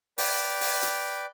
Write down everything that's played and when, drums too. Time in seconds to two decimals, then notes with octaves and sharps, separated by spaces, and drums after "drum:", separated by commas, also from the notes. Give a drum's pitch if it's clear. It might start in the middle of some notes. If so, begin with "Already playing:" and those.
0.18 B4 D5 G5, drum: open hi-hat
0.61 drum: open hi-hat
0.83 drum: hi-hat